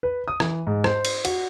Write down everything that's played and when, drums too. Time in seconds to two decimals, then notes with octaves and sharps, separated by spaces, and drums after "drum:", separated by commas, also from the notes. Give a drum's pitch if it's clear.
0.03 B4
0.28 D#6
0.40 E3, drum: rim click
0.67 G#2
0.84 C5, drum: rim click
1.05 drum: cymbal
1.25 F#4, drum: cymbal